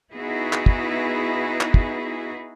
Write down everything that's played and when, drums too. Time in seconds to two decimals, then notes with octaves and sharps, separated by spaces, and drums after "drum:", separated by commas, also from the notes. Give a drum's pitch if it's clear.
0.12 B3 D#4 E4 F#4 G#4 B4
0.53 drum: clap
0.66 drum: kick
1.61 drum: clap
1.74 drum: kick